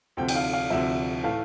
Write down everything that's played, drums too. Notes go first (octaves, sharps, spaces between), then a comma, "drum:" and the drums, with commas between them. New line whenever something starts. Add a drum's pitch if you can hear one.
D2 C3 F3 G5
G5, drum: cymbal
F5
F5
D2 C3 F3 E5
A2 E3 A3 F5